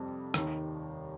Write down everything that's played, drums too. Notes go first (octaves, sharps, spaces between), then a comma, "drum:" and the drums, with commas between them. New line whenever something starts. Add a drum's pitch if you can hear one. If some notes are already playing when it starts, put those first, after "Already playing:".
Already playing: F2 C3 G3
D#2 D#3, drum: rim click